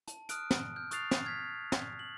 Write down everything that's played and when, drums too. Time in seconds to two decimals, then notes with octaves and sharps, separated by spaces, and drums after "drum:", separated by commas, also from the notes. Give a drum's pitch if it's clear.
0.08 A5, drum: hi-hat
0.29 D#6 F6 F#6 D7, drum: hi-hat
0.51 drum: snare
0.76 F6 G6
0.91 C#6 D#6 F#6 A6 C7 F7, drum: hi-hat
1.11 drum: snare
1.24 F6 G#6 B6
1.72 drum: snare
1.99 F#7